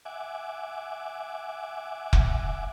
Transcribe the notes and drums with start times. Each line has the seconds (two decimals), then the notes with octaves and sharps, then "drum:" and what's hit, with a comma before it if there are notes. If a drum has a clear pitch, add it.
0.05 E5 F#5 G#5 D6
2.13 drum: kick F1